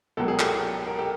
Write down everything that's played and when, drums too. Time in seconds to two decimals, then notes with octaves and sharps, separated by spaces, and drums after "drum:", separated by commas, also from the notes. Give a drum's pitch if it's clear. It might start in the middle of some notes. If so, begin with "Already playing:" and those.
0.17 C#2 B2 F#3 A#3 A4
0.28 G#4
0.39 G4 A4, drum: clap
0.87 A#4
0.98 G4 A4